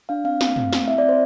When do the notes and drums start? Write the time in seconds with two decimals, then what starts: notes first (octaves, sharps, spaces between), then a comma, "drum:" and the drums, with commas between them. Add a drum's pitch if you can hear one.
0.09 D4 F5
0.24 C4 F5
0.41 C4, drum: snare
0.56 A3, drum: tom
0.73 C4, drum: snare
0.87 E4 E5
0.98 C4 D5
1.09 C5